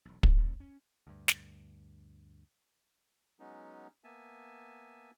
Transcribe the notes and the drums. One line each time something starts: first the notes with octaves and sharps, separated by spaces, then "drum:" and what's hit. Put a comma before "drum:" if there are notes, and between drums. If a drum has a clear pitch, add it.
E1 B1
C3 G3 B3 C#4, drum: kick
G2 A#2 F3 C#4
C#4
D2 G2
drum: snare
F#3 G#3 B3 C#4 D#4
A#3 B3 E5 G#5 A5